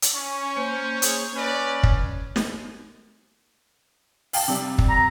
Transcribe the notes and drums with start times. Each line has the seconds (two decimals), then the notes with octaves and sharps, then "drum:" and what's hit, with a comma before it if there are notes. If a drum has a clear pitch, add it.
0.02 drum: hi-hat
0.14 C#4 C#6
0.57 A#3 C5
1.02 G#4 C#5, drum: hi-hat
1.35 C#4 B4 C#5 D5
1.83 drum: kick
2.36 drum: snare
4.33 F5 G5 A5, drum: open hi-hat
4.48 C3 G3
4.78 drum: kick
4.88 A#5